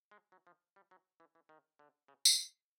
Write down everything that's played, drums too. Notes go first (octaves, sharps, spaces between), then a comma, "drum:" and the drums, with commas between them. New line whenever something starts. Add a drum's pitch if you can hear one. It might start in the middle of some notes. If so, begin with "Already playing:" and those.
G#3
F#3
F3
G3
F#3
E3
E3
D#3
D3
C#3
drum: tambourine